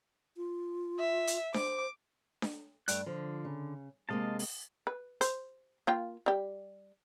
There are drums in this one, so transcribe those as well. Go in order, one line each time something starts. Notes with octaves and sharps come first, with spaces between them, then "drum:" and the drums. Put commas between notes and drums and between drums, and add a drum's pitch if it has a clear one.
F4
E5
drum: hi-hat
C5 D6, drum: snare D4
drum: snare D4
G2 A3 G5 F#6, drum: hi-hat
D3 F3
C#3
C3 G#3 A#3 D#5 F5 A5
drum: open hi-hat
B4
C5, drum: hi-hat
A#3 F4 G5
G3 G4